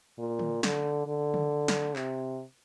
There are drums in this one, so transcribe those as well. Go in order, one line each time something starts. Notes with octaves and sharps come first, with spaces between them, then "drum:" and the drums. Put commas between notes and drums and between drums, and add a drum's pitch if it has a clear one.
A#2
drum: tom D3
D3, drum: snare
D3
drum: tom D3
drum: snare
C3, drum: clap